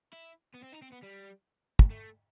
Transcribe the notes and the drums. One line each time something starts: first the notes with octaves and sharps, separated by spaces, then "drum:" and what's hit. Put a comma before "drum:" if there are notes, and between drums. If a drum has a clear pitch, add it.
E4
B3
C4
D#4
C4
B3
G3
drum: kick
A3